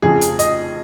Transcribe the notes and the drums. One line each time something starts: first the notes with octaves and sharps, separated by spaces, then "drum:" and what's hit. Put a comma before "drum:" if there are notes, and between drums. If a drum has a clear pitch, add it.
F1 F2 C#3 F3 G#4
drum: hi-hat
D#5, drum: hi-hat